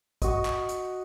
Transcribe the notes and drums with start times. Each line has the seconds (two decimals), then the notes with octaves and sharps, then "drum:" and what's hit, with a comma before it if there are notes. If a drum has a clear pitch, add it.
0.22 F#4 D#5, drum: kick, hi-hat
0.45 drum: clap
0.69 drum: hi-hat